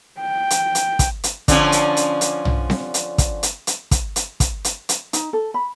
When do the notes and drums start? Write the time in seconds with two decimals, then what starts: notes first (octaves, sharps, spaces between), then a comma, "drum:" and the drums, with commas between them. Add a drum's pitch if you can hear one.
0.20 G5
0.50 drum: hi-hat
0.75 drum: hi-hat
0.99 drum: kick, hi-hat
1.24 drum: hi-hat
1.48 D3 F3 C#4, drum: kick, hi-hat
1.72 drum: hi-hat
1.97 drum: hi-hat
2.21 drum: hi-hat
2.45 drum: tom
2.70 drum: snare C4
2.94 drum: hi-hat
3.18 drum: kick, hi-hat
3.43 drum: hi-hat
3.67 drum: hi-hat
3.91 drum: kick, hi-hat
4.16 drum: hi-hat
4.40 drum: kick, hi-hat
4.64 drum: hi-hat
4.89 drum: hi-hat
5.13 D#4, drum: hi-hat
5.33 A4
5.54 B5